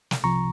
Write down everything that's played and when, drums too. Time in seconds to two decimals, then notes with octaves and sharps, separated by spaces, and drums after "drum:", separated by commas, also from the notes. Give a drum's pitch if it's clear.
0.11 drum: snare
0.23 C2 C3 F3 A#5 C#6